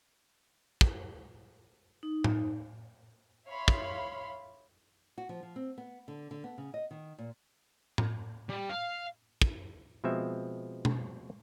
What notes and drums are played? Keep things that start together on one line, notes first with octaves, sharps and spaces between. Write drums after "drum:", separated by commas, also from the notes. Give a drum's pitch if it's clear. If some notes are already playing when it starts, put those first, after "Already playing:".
drum: kick
D#4
drum: tom A2
C#5 E5 F5 B5 C6
drum: kick
F#4
F3
F3
C4
B3
D3
D3
B3
C#3
D#5
D#3
A#2
drum: tom A2
G3
F5
drum: kick
B2 F3 G#3 C4 E5
drum: tom B2